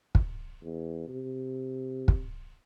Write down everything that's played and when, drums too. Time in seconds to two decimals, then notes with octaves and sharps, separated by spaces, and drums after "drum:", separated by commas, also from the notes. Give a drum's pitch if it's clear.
0.15 drum: kick
0.63 E2
1.08 C3
2.08 drum: kick